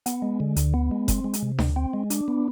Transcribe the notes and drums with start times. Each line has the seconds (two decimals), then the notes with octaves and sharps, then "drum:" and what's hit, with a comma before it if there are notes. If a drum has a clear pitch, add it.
0.06 B3, drum: hi-hat
0.22 G#3
0.40 D3
0.56 D2, drum: hi-hat
0.74 B3
0.91 G#3
1.08 C4, drum: kick F#1, hi-hat
1.24 G#3
1.33 drum: hi-hat
1.43 C3
1.59 D2, drum: snare D4
1.76 C4
1.93 G#3
2.10 D4, drum: hi-hat
2.28 B3